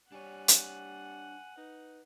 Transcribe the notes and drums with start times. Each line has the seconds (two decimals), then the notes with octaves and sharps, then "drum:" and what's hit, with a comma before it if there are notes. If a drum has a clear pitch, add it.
0.12 G3 D4 C#5 F#5 G#5
0.48 drum: hi-hat
1.57 D#4 B4